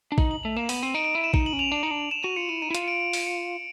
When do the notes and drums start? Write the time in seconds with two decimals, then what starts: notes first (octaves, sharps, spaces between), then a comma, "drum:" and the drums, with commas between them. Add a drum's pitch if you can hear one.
0.12 D4
0.18 D#4 F#7, drum: kick A#1
0.31 F#7
0.43 A3 F7
0.57 A#3 E7
0.69 B3 D#7, drum: open hi-hat
0.83 C4 D#7
0.94 D#4 D7
1.05 D7
1.14 E4 D#7
1.24 E7
1.34 D#4, drum: kick A#1
1.46 F#7
1.53 C#4
1.59 F7
1.72 D4
1.83 D#4
1.91 D4
2.11 E7
2.23 F#4 D#7
2.36 F4 C#7
2.49 E4 D#7
2.62 D#4 D#7
2.71 E4
2.75 F4 D#7, drum: hi-hat
2.83 C#7
2.88 D7
3.00 D7
3.13 C#7, drum: open hi-hat
3.27 C#7